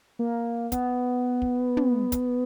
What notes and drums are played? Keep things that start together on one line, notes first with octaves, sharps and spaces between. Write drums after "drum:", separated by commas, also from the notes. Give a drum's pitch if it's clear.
A#3
B3, drum: kick, hi-hat
drum: kick
drum: tom
drum: kick, hi-hat